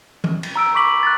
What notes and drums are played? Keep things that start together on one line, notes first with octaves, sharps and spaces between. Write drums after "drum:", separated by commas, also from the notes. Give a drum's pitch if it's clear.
drum: tom
drum: cymbal
A#5 E6 D7
B5 C#6 D6 B6 F#7
F#6 A6